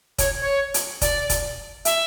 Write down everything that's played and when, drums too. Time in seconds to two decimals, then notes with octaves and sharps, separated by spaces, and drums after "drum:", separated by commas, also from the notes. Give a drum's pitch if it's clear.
0.18 C#5, drum: kick F1, hi-hat
0.41 C#5
0.74 drum: hi-hat
1.01 D5, drum: kick F1, hi-hat
1.30 drum: kick F1, hi-hat
1.85 E5, drum: hi-hat